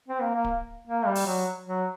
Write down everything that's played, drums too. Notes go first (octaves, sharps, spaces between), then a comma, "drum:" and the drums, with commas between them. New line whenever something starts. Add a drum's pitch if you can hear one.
C4
A#3
A#3
drum: kick D1
A#3
G3
drum: open hi-hat
F#3
F#3